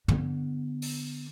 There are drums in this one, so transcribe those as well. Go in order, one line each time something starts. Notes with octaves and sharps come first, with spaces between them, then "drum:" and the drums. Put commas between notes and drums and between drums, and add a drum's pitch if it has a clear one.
D3 B3, drum: tom
drum: open hi-hat